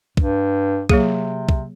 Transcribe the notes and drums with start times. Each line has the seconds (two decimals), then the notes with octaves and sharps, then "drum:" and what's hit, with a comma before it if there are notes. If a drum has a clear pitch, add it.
0.17 G2, drum: kick
0.89 C3 F#3 A#3 G#4, drum: kick
1.49 drum: kick